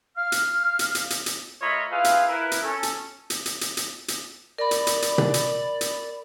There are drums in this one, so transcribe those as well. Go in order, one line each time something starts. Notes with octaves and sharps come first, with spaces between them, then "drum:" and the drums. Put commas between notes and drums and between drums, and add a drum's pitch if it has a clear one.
F5 F6
drum: hi-hat
drum: hi-hat
drum: hi-hat
drum: hi-hat
drum: hi-hat
A3 F4 A#4 C#5 D#5 B5
E4 F4 G#4 B4 F5
drum: hi-hat
E4 A#4 B4
drum: hi-hat
C#4 A4
drum: hi-hat
drum: hi-hat
drum: hi-hat
drum: hi-hat
drum: hi-hat
drum: hi-hat
A#4 D5 B5
drum: hi-hat
drum: hi-hat
drum: hi-hat
drum: tom B2
drum: hi-hat
drum: hi-hat